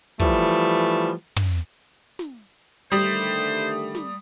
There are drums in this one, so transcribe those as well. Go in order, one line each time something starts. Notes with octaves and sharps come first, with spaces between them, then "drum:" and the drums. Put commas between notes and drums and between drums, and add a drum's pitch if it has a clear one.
E3 F3 G3 A3, drum: kick
drum: tom
drum: snare
D3 D#3 G3 A3 C5 D#6, drum: hi-hat
drum: snare